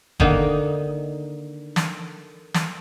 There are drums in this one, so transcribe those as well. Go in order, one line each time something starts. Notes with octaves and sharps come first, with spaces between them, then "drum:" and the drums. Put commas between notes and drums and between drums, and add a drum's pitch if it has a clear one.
D3 D#3 A#3 D#4, drum: kick
drum: snare
drum: snare